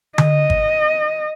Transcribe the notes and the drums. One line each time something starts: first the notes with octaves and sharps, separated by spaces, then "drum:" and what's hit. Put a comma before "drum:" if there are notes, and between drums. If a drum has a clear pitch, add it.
D#5, drum: tom D3
drum: kick G1